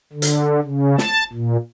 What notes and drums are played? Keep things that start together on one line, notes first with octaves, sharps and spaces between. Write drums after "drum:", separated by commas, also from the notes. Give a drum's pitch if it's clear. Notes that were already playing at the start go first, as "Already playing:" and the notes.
D3
drum: hi-hat
C#3
A5, drum: snare
A#2